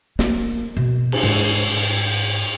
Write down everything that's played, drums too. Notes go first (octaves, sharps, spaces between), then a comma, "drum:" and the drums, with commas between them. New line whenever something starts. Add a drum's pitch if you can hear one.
A#3, drum: snare
B2
drum: cymbal
G#2